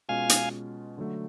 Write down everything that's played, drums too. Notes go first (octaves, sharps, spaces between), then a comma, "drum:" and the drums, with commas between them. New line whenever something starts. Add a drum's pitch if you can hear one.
B2 G#3 C#4 F4 F5 G#5
drum: hi-hat
D3 F#3 A3